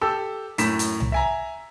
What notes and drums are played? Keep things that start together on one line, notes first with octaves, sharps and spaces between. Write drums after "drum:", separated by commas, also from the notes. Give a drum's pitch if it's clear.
G4 A4 E6
F#2 A2 B6 E7, drum: hi-hat
drum: hi-hat
drum: tom C2
E5 G#5 A#5